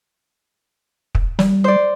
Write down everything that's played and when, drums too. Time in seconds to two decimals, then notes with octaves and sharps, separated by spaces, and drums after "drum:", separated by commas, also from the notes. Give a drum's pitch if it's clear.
1.15 drum: kick
1.39 G3, drum: snare
1.64 C5 D5